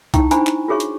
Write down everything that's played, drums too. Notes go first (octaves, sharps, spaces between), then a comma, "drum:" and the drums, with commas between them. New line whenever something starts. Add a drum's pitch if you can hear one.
D#4 E4 G5 C#6, drum: kick C2, hi-hat
D4 E4 C5 G#5 B5 C#6, drum: hi-hat
drum: clap
F4 F#4 G#4 C#5 C#6
drum: hi-hat